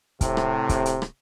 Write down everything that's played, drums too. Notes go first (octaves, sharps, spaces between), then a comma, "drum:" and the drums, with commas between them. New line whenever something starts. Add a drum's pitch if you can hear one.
A2 C3, drum: kick, hi-hat
drum: rim click
drum: kick, hi-hat
drum: hi-hat
drum: rim click